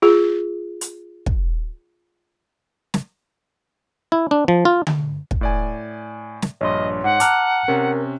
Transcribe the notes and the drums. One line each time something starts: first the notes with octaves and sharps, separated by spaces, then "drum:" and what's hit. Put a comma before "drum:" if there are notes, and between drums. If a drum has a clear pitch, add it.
F4 G#4
drum: hi-hat
drum: kick
drum: snare
E4
D4
F3
F4
drum: tom D3
drum: kick
A2 D5 G#5
drum: snare
A#1 G2 C#5 D#5 C6
G#2 F#5
A5 A#5 D6 F6 F#6, drum: hi-hat
C3 C#4 A#4